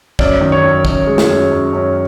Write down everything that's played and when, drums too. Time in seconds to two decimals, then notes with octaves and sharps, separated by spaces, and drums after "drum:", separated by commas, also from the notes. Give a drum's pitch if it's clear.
0.19 F#2 D5, drum: kick
0.41 D#3
0.52 C#5
0.64 F#2
0.85 F#2, drum: kick
1.07 G#3
1.18 drum: snare
1.29 F#2
1.52 F#2
1.73 F#2